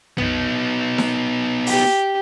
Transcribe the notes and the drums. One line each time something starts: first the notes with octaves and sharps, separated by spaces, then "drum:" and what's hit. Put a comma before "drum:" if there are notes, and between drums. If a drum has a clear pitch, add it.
B3 D#4, drum: tom
drum: snare D#4
G4, drum: open hi-hat